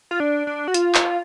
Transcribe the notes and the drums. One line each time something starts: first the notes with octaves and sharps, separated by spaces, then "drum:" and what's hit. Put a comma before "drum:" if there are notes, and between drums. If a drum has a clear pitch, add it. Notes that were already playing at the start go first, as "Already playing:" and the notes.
F4
D4
D4
F#4
F4, drum: hi-hat
drum: clap